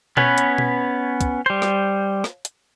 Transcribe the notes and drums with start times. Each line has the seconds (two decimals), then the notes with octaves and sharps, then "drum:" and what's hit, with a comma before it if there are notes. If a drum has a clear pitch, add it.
0.17 B3 C#4 B4 C#5, drum: tom B2
0.38 drum: hi-hat
0.58 drum: tom B2
1.21 drum: kick, hi-hat
1.46 G3 C5
1.62 drum: rim click
2.24 drum: rim click
2.45 drum: hi-hat